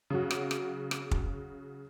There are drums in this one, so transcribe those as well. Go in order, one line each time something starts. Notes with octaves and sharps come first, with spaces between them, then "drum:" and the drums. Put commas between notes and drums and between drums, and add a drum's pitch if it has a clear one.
C#3 F#3 F#4
drum: rim click
drum: rim click
drum: rim click
drum: kick